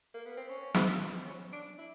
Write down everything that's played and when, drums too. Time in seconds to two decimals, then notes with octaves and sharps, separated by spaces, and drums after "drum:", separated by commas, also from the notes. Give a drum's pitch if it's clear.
0.14 A#3
0.26 B3
0.37 C4
0.49 C#4
0.74 drum: snare
1.21 C4
1.26 C#4
1.53 D4
1.78 E4